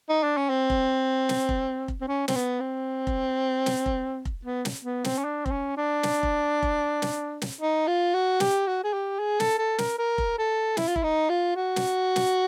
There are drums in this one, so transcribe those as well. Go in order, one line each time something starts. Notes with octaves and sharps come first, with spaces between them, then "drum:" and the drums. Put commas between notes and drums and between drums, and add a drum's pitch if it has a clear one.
D#4
D4
C#4
C4
drum: kick F1
drum: snare
drum: kick F1
drum: kick F1
C4
C#4
C4, drum: snare
B3
C4
drum: kick F1
drum: snare
drum: kick F1
drum: kick F1
B3
drum: snare
B3
C4, drum: snare
C#4
D4
C4, drum: kick F1
C#4
D4
drum: snare
drum: kick F1
drum: kick F1
drum: snare
drum: snare
D#4
F4
F#4
G4, drum: snare
F#4
G#4
G4
G#4
A4, drum: snare
A4
A#4, drum: snare
A#4
drum: kick F1
A4
E4, drum: snare
F4
E4, drum: kick F1
D#4
F4
F#4
drum: snare
drum: snare